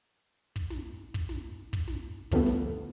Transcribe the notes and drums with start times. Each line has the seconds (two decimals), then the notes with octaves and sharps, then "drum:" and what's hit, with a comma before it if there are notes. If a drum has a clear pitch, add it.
0.56 drum: kick
0.70 drum: snare
1.14 drum: kick
1.29 drum: snare
1.73 drum: kick
1.88 drum: snare
2.32 D2 F3 G3 A3 B3, drum: kick
2.46 drum: snare